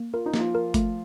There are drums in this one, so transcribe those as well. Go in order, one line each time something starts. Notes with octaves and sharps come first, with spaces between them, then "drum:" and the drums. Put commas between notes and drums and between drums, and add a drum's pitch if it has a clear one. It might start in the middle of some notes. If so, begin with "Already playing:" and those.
Already playing: A#3
F4 A#4
D#4
F3 A#3 F4, drum: snare
A#4
A3, drum: kick G1, hi-hat